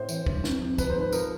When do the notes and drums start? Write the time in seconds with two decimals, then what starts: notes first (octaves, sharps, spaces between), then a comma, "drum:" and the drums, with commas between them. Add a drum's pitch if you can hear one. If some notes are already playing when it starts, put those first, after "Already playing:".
Already playing: A2 C5
0.09 E3, drum: tambourine
0.26 G2, drum: kick
0.44 F2, drum: snare
0.62 F2
0.78 F3 B4, drum: kick, tambourine
0.90 C5
0.96 G#2
1.01 B4
1.12 F3 A#4, drum: tambourine